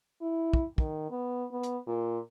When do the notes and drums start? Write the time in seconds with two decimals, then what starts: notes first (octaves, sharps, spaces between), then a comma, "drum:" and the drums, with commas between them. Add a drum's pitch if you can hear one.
0.21 E4
0.53 drum: kick
0.78 D#3, drum: kick
1.11 B3
1.52 B3
1.63 drum: hi-hat
1.87 A#2